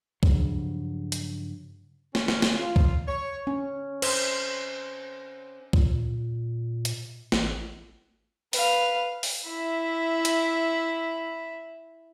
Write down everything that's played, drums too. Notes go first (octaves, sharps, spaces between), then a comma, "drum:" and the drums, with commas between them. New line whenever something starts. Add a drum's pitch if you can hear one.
G2 C#3 F3 F#3, drum: kick C#2
drum: hi-hat
C#4, drum: snare
drum: snare
drum: snare
F4
drum: kick C#2
C#5
C#4
C5, drum: cymbal
A#2, drum: kick C#2
drum: hi-hat
A1, drum: snare
B4 F5, drum: open hi-hat
drum: open hi-hat
E4 E5
drum: hi-hat